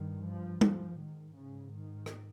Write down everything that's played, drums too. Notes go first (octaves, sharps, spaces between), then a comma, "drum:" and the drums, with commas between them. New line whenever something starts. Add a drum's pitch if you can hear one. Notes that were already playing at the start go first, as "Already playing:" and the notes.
Already playing: G2 D#3
F3
F3, drum: tom G3
G#2 D#3
C#3
D#3
drum: rim click